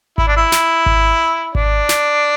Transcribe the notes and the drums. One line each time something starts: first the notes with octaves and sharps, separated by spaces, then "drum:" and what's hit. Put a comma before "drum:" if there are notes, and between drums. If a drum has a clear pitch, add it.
E4, drum: kick G#1
D4
E4
drum: snare
drum: kick G#1
D4, drum: kick G#1
drum: snare